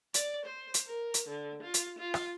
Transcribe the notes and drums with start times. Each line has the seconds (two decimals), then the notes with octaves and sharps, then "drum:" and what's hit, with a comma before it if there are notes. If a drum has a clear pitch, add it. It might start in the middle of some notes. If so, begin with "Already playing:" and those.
0.14 D5, drum: hi-hat
0.45 C5
0.74 drum: hi-hat
0.87 A#4
1.14 drum: hi-hat
1.28 D3
1.63 F4
1.74 drum: hi-hat
1.98 F4
2.14 drum: rim click